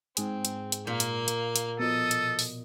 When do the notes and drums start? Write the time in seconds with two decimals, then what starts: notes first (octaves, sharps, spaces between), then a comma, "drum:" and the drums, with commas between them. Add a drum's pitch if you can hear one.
0.17 G#2 C4 G#4, drum: hi-hat
0.45 drum: hi-hat
0.72 drum: hi-hat
0.87 A#2 A#3 F5
1.00 drum: hi-hat
1.28 drum: hi-hat
1.56 drum: hi-hat
1.80 B2 F3 A4 D#5
2.11 drum: hi-hat
2.39 drum: open hi-hat